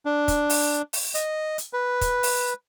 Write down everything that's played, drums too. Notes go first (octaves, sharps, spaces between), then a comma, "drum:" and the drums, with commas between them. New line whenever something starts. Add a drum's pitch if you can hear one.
D4
drum: kick, hi-hat
drum: open hi-hat
drum: open hi-hat
D#5, drum: hi-hat
drum: hi-hat
B4
drum: kick, hi-hat
drum: open hi-hat